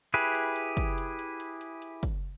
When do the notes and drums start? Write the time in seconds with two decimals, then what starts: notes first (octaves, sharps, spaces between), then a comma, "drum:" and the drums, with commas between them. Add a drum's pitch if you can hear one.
0.14 E4 G4 G#4 B4, drum: hi-hat
0.35 drum: hi-hat
0.56 drum: hi-hat
0.77 drum: kick, hi-hat
0.98 drum: hi-hat
1.19 drum: hi-hat
1.40 drum: hi-hat
1.61 drum: hi-hat
1.82 drum: hi-hat
2.03 drum: kick, hi-hat